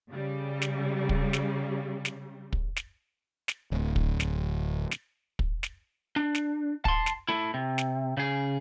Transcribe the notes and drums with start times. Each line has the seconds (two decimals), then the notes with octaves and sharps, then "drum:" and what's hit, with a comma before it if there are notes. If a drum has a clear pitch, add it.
0.11 C#3 G3
0.62 drum: snare
1.09 drum: kick
1.33 drum: snare
2.05 drum: snare
2.53 drum: kick
2.76 drum: snare
3.48 drum: snare
3.72 D1
3.96 drum: kick
4.20 drum: snare
4.91 drum: snare
5.39 drum: kick
5.63 drum: snare
6.16 D4
6.35 drum: snare
6.85 A5 C6, drum: kick
7.06 drum: snare
7.29 A3 E4
7.54 C3
7.78 drum: snare
8.17 C#3 G#4